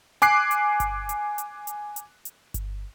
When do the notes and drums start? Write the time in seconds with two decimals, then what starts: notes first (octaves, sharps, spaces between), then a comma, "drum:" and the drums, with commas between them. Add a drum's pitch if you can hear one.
0.22 G#5 D6 F#6 C7, drum: hi-hat
0.51 drum: hi-hat
0.80 drum: kick G1, hi-hat
1.09 drum: hi-hat
1.38 drum: hi-hat
1.67 drum: hi-hat
1.96 drum: hi-hat
2.25 drum: hi-hat
2.54 drum: kick G1, hi-hat